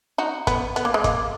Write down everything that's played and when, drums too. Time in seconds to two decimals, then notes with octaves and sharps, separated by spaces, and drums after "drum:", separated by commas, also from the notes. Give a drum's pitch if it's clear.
0.18 D#4 F#4
0.47 B3, drum: kick, hi-hat
0.76 B3, drum: hi-hat
0.85 A#3
0.94 G#3
1.04 A#3, drum: kick, hi-hat